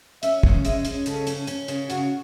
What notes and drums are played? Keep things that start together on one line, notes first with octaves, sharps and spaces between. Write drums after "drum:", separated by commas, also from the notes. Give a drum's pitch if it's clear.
C#4 E5, drum: hi-hat
C#3, drum: kick
G#3 E5, drum: hi-hat
C#4, drum: hi-hat
C#3 A4, drum: hi-hat
C#4, drum: hi-hat
C#4, drum: hi-hat
C#3, drum: hi-hat
C#3 F#4, drum: hi-hat